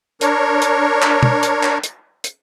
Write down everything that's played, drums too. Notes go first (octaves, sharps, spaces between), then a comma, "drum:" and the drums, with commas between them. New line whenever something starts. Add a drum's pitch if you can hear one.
D4 A#4 C#5, drum: hi-hat
drum: hi-hat
drum: clap
drum: tom
drum: hi-hat
drum: clap
drum: hi-hat
drum: hi-hat